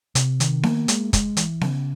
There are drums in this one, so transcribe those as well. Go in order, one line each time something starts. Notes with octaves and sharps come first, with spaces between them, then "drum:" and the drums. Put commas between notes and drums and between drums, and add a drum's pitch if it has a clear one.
C3, drum: hi-hat
D#3, drum: hi-hat
A#3, drum: snare B3
G#3, drum: hi-hat
G#3, drum: kick, hi-hat
E3, drum: hi-hat
C#3, drum: snare B3